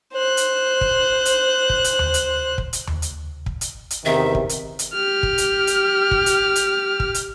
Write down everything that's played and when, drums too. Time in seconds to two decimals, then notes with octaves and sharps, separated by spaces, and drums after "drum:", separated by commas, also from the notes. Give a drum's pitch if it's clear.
0.13 C5 F#6
0.37 drum: hi-hat
0.81 drum: kick
1.25 drum: hi-hat
1.70 drum: kick
1.84 drum: hi-hat
1.99 drum: tom D#2
2.14 drum: hi-hat
2.58 drum: kick
2.73 drum: hi-hat
2.87 drum: tom D#2
3.02 drum: hi-hat
3.46 drum: kick
3.61 drum: hi-hat
3.90 drum: hi-hat
4.05 E2 C3 D#3 E5
4.35 drum: kick
4.49 drum: hi-hat
4.79 drum: hi-hat
4.94 G4 F6
5.23 drum: kick
5.38 drum: hi-hat
5.67 drum: hi-hat
6.11 drum: kick
6.26 drum: hi-hat
6.56 drum: hi-hat
7.00 drum: kick
7.14 drum: hi-hat